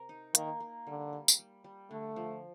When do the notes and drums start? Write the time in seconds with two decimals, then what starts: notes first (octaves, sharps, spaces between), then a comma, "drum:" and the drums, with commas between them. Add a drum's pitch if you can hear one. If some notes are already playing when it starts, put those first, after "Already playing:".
Already playing: C3 A#4
0.09 D#4
0.35 D#3 A#3, drum: hi-hat
0.60 A#3
0.87 D3 G3
1.13 G3
1.28 drum: tambourine
1.39 G3
1.64 G3
1.91 D3 A3
2.16 F3